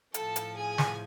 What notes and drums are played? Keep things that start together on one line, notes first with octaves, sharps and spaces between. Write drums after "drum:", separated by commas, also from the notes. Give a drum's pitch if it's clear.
A2 F3 A4 A5, drum: hi-hat
drum: hi-hat
G#4 G#5
drum: snare